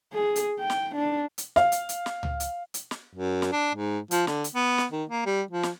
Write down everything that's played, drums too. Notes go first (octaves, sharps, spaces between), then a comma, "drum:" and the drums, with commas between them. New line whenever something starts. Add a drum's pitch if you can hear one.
G#4
drum: hi-hat
G5
drum: snare
D4
drum: hi-hat
F5, drum: snare
drum: hi-hat
drum: hi-hat
drum: snare
drum: tom C#2
drum: hi-hat
drum: hi-hat
drum: snare
F#2
drum: snare
D4
G#2
F3, drum: hi-hat
D3, drum: snare
drum: hi-hat
B3
drum: snare
D#3
A#3
G3
F3
drum: snare